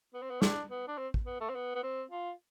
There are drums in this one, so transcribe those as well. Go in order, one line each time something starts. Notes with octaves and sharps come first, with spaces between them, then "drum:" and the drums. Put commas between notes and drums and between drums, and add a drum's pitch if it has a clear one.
B3
C4
B3
D4, drum: snare
B3
D4
C4
drum: kick
B3
A3
C4
B3
B3
C4
F4